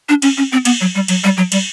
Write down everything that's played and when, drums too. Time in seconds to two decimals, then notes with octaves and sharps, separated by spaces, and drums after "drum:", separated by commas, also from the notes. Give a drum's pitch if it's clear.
0.09 D4
0.22 C#4, drum: cymbal
0.38 C#4
0.52 C4
0.65 B3, drum: cymbal
0.81 F#3
0.95 G3
1.08 F#3, drum: cymbal
1.24 G3
1.37 F#3
1.52 G3, drum: cymbal